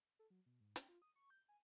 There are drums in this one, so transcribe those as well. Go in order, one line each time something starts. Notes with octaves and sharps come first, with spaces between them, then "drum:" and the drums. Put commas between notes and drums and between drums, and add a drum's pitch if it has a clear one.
A4
F#3
B2
G#2
G5, drum: hi-hat
F4
D#6
C#6
G6
G#5